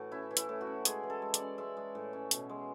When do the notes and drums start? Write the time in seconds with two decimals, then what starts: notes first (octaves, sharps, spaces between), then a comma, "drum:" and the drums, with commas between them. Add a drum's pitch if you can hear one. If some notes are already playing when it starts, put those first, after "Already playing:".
Already playing: A2 E3 F#4
0.12 C#4 E4
0.31 E3
0.37 E4, drum: hi-hat
0.49 A2
0.61 F#4
0.67 C#4
0.85 G#3 G#4, drum: hi-hat
1.03 E3
1.10 A4
1.22 G#3
1.34 D5, drum: hi-hat
1.40 C#4
1.58 G#3 E5
1.77 G#3
1.95 A2
2.13 C#4
2.31 B2, drum: hi-hat
2.49 G#3